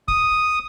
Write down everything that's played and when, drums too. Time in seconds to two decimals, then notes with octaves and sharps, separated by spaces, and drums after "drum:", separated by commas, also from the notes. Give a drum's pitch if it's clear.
0.08 D#6, drum: kick